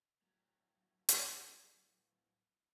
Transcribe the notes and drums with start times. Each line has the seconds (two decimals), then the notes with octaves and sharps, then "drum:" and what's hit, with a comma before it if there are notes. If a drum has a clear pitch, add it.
0.22 A2 F#3
1.09 drum: hi-hat